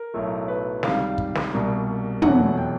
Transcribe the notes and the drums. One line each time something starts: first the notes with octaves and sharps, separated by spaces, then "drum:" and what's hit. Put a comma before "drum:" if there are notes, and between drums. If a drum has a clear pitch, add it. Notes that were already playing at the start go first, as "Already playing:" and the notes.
Already playing: A#4
B1 A2 F#3 A3
B4
C#2 C3 D#3 G3 F5, drum: snare
drum: kick
drum: snare
C2 B2 G3 A#3
F1 E2 B2 F#3 A3 F#5, drum: tom
G5